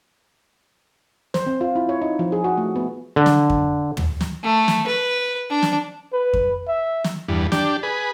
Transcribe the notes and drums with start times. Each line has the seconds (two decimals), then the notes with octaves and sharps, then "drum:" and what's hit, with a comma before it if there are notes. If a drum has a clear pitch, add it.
1.34 C5, drum: snare
1.46 C4
1.61 F4
1.76 E4
1.89 C#5
2.02 D#4
2.19 F3
2.32 G#4
2.44 F#4
2.58 A3
2.76 B3
3.16 D3
3.26 drum: snare
3.50 drum: kick F2
3.97 drum: tom
4.21 drum: snare
4.43 A3
4.68 drum: snare
4.86 B4
5.50 D4
5.62 drum: snare
6.13 B4
6.33 drum: kick F2
6.68 E5
7.04 drum: snare
7.28 E2 G2
7.52 D4 G4, drum: snare
7.83 G#4 B4